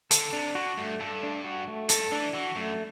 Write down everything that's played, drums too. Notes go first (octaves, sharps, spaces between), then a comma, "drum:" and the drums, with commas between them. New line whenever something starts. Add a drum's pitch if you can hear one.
D3 A4, drum: hi-hat
C3 D4
D3 F#4
G2 A3
G2 A4
D4
F#4
A3
G2 A4, drum: hi-hat
E3 D4
E3 F#4
F#2 A3